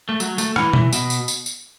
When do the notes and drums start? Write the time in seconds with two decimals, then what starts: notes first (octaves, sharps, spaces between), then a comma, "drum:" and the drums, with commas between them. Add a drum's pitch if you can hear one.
0.09 A3
0.20 F#3, drum: tambourine
0.38 A3, drum: tambourine
0.56 E3, drum: rim click
0.73 E3, drum: tom B2
0.93 B2, drum: tambourine
1.10 drum: tambourine
1.28 drum: tambourine
1.46 drum: tambourine